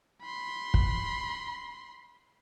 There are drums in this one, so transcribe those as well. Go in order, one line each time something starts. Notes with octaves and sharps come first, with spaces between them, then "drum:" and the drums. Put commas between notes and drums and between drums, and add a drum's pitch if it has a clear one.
B5 C6
drum: kick